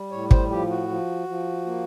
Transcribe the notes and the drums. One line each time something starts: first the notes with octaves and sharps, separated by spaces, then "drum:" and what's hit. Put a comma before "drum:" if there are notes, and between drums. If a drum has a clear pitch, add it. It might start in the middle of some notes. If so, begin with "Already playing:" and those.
Already playing: G3
A2 C#5
C5, drum: kick
F3 G4
F#4
F3
F3
A#3